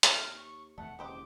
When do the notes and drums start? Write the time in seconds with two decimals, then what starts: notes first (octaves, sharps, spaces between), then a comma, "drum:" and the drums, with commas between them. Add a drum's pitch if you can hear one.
0.03 C3 F6, drum: hi-hat
0.22 D#2
0.37 C#6
0.78 E1 D#3 A3 C4 F#5
0.99 F#1 G4 C5 D#5 D6